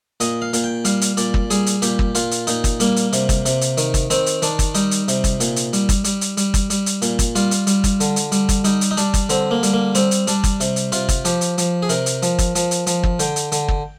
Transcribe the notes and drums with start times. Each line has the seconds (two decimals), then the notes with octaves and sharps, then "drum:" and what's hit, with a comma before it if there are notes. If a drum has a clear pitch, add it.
0.20 A#2 D#5, drum: hi-hat
0.42 F5
0.53 A#2, drum: hi-hat
0.64 G5
0.85 G3 F5, drum: hi-hat
1.01 drum: hi-hat
1.17 A#2 D5, drum: hi-hat
1.34 drum: kick
1.50 G3 G#4, drum: hi-hat
1.66 drum: hi-hat
1.82 A#2 G4, drum: hi-hat
1.99 drum: kick
2.15 A#2 F4, drum: hi-hat
2.31 drum: hi-hat
2.47 A#2 D#4, drum: hi-hat
2.64 drum: kick, hi-hat
2.80 G3 A#3, drum: hi-hat
2.96 drum: hi-hat
3.13 C3, drum: hi-hat
3.29 drum: kick, hi-hat
3.46 C3, drum: hi-hat
3.61 drum: hi-hat
3.77 D#3, drum: hi-hat
3.94 drum: kick, hi-hat
4.10 D#3 C4, drum: hi-hat
4.26 drum: hi-hat
4.42 D#3 D4, drum: hi-hat
4.59 drum: kick, hi-hat
4.74 G3 D#4, drum: hi-hat
4.91 drum: hi-hat
5.08 C3, drum: hi-hat
5.24 drum: kick, hi-hat
5.40 A#2, drum: hi-hat
5.56 drum: hi-hat
5.73 G3, drum: hi-hat
5.89 drum: kick, hi-hat
6.04 G3, drum: hi-hat
6.21 drum: hi-hat
6.37 G3, drum: hi-hat
6.54 drum: kick, hi-hat
6.70 G3, drum: hi-hat
6.86 drum: hi-hat
7.02 A#2, drum: hi-hat
7.19 drum: kick, hi-hat
7.35 G3 F4, drum: hi-hat
7.51 drum: hi-hat
7.67 G3, drum: hi-hat
7.84 drum: kick, hi-hat
8.00 D3, drum: hi-hat
8.16 drum: hi-hat
8.32 G3, drum: hi-hat
8.49 drum: kick, hi-hat
8.64 G3 D#4, drum: hi-hat
8.81 drum: hi-hat
8.91 D#4
8.97 G3 D4, drum: hi-hat
9.14 drum: kick, hi-hat
9.29 D3 C4, drum: hi-hat
9.51 A#3
9.63 G3, drum: hi-hat
9.73 A#3
9.95 G3 C4, drum: hi-hat
10.11 drum: hi-hat
10.27 G3 D4, drum: hi-hat
10.44 drum: kick, hi-hat
10.60 C3, drum: hi-hat
10.76 drum: hi-hat
10.92 C3 F4, drum: hi-hat
11.09 drum: kick, hi-hat
11.25 F3 G4, drum: hi-hat
11.41 drum: hi-hat
11.58 F3, drum: hi-hat
11.82 G#4
11.89 C3 A#4, drum: hi-hat
12.06 drum: hi-hat
12.22 F3, drum: hi-hat
12.39 drum: kick, hi-hat
12.55 F3, drum: hi-hat
12.71 drum: hi-hat
12.87 F3, drum: hi-hat
13.03 drum: kick
13.19 D3 G5, drum: hi-hat
13.36 drum: hi-hat
13.52 D3, drum: hi-hat
13.68 drum: kick